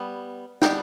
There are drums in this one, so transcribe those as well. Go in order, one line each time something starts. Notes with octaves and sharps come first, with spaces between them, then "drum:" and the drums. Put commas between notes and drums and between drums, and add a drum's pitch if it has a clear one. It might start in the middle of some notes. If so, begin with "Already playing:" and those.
Already playing: G3 B3
G3 B3 D4 G5, drum: snare